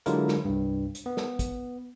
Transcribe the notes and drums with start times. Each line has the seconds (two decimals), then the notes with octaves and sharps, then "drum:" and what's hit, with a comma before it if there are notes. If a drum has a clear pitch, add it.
0.06 D3 F#3 G#3 E4 F4 A#4, drum: hi-hat
0.28 drum: snare
0.45 C2 G2
0.95 drum: hi-hat
1.06 B3
1.17 drum: snare
1.39 drum: kick, hi-hat